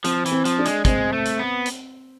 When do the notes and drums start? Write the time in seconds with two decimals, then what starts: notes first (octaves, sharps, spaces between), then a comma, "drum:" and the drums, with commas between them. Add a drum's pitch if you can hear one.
0.04 F3 C4, drum: hi-hat
0.26 E3, drum: hi-hat
0.32 C4
0.45 F3, drum: hi-hat
0.59 D4
0.65 G#3, drum: hi-hat
0.85 G#3 C4, drum: kick, hi-hat
1.13 A3
1.25 drum: hi-hat
1.39 B3
1.66 drum: hi-hat